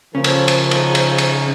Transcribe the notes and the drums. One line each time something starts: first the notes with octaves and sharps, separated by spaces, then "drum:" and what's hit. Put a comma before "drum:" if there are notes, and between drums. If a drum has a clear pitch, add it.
C#3 F3 A#3 C#4
drum: cymbal
drum: cymbal
D#4 G#4, drum: cymbal
drum: cymbal
drum: cymbal